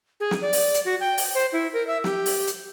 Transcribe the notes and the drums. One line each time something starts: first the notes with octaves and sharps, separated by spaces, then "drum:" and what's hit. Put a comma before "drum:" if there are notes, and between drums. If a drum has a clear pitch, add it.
G#4
drum: snare
D5
drum: open hi-hat
drum: hi-hat
F#4
G5
drum: open hi-hat
C5
E4
A#4
E5
G4, drum: snare
drum: open hi-hat
drum: hi-hat